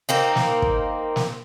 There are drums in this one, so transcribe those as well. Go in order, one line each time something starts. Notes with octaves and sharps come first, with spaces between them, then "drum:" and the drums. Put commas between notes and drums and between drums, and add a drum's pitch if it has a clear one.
A#3 C4 D#4
drum: snare
drum: kick
drum: snare